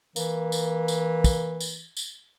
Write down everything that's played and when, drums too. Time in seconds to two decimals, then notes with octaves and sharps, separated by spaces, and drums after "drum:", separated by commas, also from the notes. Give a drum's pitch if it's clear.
0.16 E3 A#3, drum: tambourine
0.52 drum: tambourine
0.88 drum: tambourine
1.24 drum: kick, tambourine
1.60 drum: tambourine
1.97 drum: tambourine